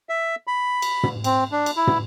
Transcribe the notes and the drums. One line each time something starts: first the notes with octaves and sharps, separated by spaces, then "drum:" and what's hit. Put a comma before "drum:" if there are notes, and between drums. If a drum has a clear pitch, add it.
E5
B5
drum: cymbal
drum: tom
C4, drum: cymbal
D4
drum: cymbal
E4
drum: tom